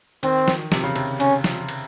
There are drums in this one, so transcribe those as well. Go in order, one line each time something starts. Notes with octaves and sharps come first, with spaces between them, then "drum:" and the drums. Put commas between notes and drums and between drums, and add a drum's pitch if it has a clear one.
D#3 C4, drum: cymbal
drum: snare
C3, drum: snare
C#3
C3, drum: cymbal
C#4, drum: cymbal
drum: snare
drum: cymbal